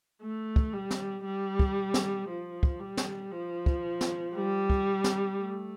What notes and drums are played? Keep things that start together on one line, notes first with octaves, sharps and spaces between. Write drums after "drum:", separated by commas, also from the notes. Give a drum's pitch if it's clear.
A3
drum: kick
G3
drum: snare
G3
drum: kick
drum: snare
F3
drum: kick
G3
drum: snare
F3
drum: kick
drum: snare
G3
drum: kick
drum: snare
A3